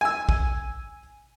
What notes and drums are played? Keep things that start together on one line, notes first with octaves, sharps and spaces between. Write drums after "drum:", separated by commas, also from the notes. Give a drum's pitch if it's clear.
G#5 E6
drum: kick